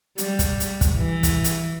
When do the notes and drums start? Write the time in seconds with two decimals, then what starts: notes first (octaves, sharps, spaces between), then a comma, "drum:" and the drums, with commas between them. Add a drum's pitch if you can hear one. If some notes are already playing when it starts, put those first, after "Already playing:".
0.18 G3, drum: hi-hat
0.39 drum: kick, hi-hat
0.60 drum: hi-hat
0.81 drum: kick, hi-hat
0.97 E3
1.23 drum: kick, hi-hat
1.44 drum: hi-hat